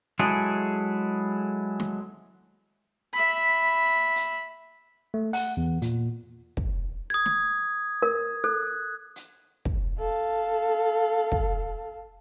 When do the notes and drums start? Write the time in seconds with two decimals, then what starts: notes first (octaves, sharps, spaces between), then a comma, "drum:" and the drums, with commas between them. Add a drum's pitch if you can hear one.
0.19 F#3 G#3 E4 G#4 A4
1.80 drum: snare
3.13 E5 B5
4.16 drum: hi-hat
5.14 A3
5.33 F#5, drum: open hi-hat
5.57 E2
5.82 A#2, drum: hi-hat
6.57 drum: kick
7.10 D#6 G#6
7.26 drum: snare
8.02 A#4
8.44 A4 F#6
9.16 drum: hi-hat
9.65 drum: kick
10.00 A4 F5
11.32 drum: kick